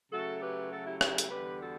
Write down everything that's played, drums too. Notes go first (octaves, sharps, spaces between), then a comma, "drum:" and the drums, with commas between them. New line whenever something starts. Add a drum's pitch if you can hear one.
C#3 F#3 A3 F#4 A4
G4 B4
F#4 A4
E4 G4
E4 G4, drum: rim click
drum: hi-hat
E2 D3 G3 B3 G4 B4
F#4 A4